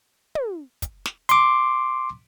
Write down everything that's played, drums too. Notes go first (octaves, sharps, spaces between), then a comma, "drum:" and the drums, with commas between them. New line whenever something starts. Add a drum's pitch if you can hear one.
drum: tom
drum: kick, hi-hat
drum: snare
C6 D6, drum: hi-hat